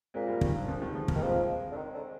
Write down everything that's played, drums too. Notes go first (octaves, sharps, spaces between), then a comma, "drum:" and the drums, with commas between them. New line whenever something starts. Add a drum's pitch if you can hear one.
A#2 G#3 C4
G3 A#3
D#3 G3, drum: kick
D3 F3
D3 F3
G#3
D#3 G3
F3 G#3
G3 A#3, drum: kick
D#3
F3 G#3 C4
D3
D#3
D3